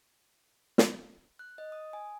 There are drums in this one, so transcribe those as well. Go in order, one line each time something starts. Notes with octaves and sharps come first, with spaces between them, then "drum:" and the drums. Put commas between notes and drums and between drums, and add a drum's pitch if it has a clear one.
drum: snare
F#6
D#5
D#6
G#5